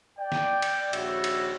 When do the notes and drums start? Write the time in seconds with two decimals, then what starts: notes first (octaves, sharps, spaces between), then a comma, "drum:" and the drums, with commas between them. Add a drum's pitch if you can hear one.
0.19 D5 G5
0.32 drum: snare
0.62 drum: cymbal
0.93 A#1 D#2 G3 F#4 C#5 E5, drum: cymbal
1.24 drum: cymbal